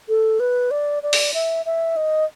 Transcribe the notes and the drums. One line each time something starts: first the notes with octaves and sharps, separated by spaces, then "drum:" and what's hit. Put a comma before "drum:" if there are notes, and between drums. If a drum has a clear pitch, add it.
A4
B4
D5
D5
drum: open hi-hat
E5
E5
D#5